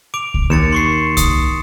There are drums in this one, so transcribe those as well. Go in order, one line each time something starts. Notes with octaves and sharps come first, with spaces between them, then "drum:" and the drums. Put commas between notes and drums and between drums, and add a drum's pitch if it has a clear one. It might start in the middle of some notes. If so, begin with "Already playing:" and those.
D6 D7 F7
drum: kick C2
D#2 A6 C#7 E7
C6 C#6 C7
D#6, drum: kick C2, hi-hat